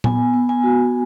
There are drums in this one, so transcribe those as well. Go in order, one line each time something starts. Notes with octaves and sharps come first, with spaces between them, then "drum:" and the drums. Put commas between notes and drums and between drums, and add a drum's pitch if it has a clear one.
B3 G#5, drum: tom A#2
B3
G#5
F#4